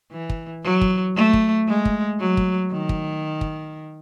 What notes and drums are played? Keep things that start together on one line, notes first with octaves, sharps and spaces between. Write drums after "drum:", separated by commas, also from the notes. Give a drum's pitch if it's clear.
E3
drum: kick
F#3
drum: kick
A3
drum: kick
G#3
drum: kick
F#3
drum: kick
D#3
drum: kick
drum: kick